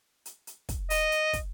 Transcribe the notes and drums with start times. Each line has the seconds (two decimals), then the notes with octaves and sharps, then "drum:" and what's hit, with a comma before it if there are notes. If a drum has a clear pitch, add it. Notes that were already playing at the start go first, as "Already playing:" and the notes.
0.25 drum: hi-hat
0.47 drum: hi-hat
0.69 drum: kick, hi-hat
0.90 D#5, drum: open hi-hat
1.12 drum: hi-hat
1.33 drum: kick, hi-hat